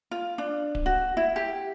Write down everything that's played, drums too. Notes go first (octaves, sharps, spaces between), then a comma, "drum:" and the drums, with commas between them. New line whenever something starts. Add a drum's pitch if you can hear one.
F4
D4
drum: kick D1
F#4
E4
G4